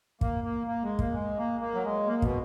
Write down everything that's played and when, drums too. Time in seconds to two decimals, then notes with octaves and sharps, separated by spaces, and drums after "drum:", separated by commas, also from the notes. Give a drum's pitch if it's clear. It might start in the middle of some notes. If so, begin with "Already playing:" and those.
0.21 A#3, drum: kick
0.44 A#3
0.67 A#3
0.84 G#3
0.99 A#3, drum: kick
1.14 G#3
1.38 A#3
1.61 A#3
1.75 F#3
1.84 G#3
2.07 A#3
2.22 B2, drum: kick